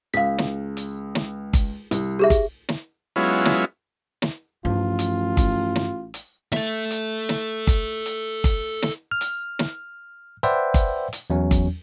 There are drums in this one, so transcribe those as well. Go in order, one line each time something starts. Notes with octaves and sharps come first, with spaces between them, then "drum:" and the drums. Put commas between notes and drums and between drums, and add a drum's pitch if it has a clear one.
C#2 F5 B6
drum: snare
drum: hi-hat
drum: snare
drum: kick G1, hi-hat
C2, drum: hi-hat
G4 G#4 E5
drum: kick G1, hi-hat
drum: snare
F#3 G#3 B3 C#4 E4 F4
drum: snare
drum: snare
A1 G2 F3 F4
drum: hi-hat
drum: kick G1, hi-hat
drum: snare
drum: hi-hat
A4 E5, drum: snare
drum: hi-hat
drum: snare
drum: kick G1, hi-hat
drum: hi-hat
drum: kick G1, hi-hat
drum: snare
F6
drum: hi-hat
drum: snare
B4 C5 D5 E5 F#5 G5
drum: kick G1, hi-hat
drum: hi-hat
E2 F#3 C#4
drum: kick G1, hi-hat